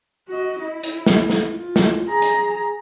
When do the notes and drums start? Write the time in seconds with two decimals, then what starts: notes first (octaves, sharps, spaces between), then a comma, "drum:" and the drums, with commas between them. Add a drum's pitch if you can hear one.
0.28 F#4 D#5
0.60 E4
0.83 drum: hi-hat
1.06 drum: snare
1.30 drum: snare
1.53 F4
1.76 drum: snare
2.08 G#4 A#5
2.22 drum: hi-hat